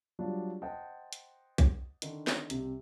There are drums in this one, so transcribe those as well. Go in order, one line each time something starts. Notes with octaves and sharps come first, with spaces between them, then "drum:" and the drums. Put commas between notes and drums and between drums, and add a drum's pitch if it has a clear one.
F#3 G3 D4 F4
C5 D#5 F#5 G5 A5
drum: hi-hat
drum: kick A#1, hi-hat
D3 D#3, drum: hi-hat
drum: snare
C2 C3, drum: hi-hat